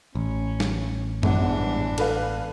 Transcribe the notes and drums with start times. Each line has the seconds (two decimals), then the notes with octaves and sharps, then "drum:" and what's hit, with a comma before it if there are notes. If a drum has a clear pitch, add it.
0.15 A1 C#4
0.60 drum: snare
1.23 G1 G#2 E3 B3 D4 F#5, drum: tom F#2
1.98 A4 B4 F5, drum: cymbal